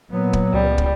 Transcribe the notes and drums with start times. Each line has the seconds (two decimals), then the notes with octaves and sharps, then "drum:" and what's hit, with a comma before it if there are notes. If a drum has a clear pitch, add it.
0.11 A#2 F#3 B3
0.33 drum: kick
0.53 C#2 G3
0.78 drum: kick